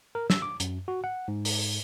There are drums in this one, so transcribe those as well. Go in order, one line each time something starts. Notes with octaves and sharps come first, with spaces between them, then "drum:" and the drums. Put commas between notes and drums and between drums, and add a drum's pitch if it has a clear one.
A#4
E6, drum: snare
D6
F#2, drum: hi-hat
F#4
F#5
G#2
drum: open hi-hat